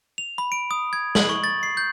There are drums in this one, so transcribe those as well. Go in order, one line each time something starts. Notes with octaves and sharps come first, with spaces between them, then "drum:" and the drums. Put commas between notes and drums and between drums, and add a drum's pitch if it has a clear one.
F7
B5
D7
D#6
G#6
F#7, drum: snare
C#6
A6
C7
G6